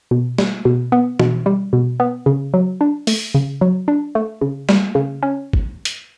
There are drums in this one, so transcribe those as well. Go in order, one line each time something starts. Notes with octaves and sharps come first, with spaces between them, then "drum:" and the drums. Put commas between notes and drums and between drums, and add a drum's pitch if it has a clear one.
B2
G3, drum: snare
B2
B3
B2, drum: tom E3
G3
B2
B3
C#3
F#3
D4
A3, drum: open hi-hat
C#3
F#3
D4
A3
C#3
G3, drum: snare
C#3
C#4
drum: kick
drum: hi-hat